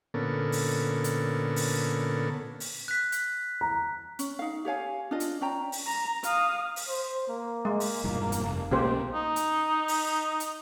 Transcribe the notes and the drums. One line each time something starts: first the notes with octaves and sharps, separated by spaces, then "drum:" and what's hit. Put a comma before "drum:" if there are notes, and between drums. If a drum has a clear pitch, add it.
A#2 D3 B3 C#4 A4 A#4
drum: open hi-hat
drum: hi-hat
drum: open hi-hat
drum: open hi-hat
F#6 B6
drum: hi-hat
A#5
C#4, drum: hi-hat
D#4 F5
G4 C#5 F5 G#5
D4 F4 D#5
drum: hi-hat
C#4 D5 G5 A#5
drum: open hi-hat
A#5
F5 D#6, drum: hi-hat
drum: open hi-hat
C5
A#3
G#3
drum: open hi-hat
E1 G2 A#2
drum: hi-hat
F1
B1 B2 G#3 A#3 C#4 G4 C5
D#4
drum: hi-hat
drum: open hi-hat
drum: hi-hat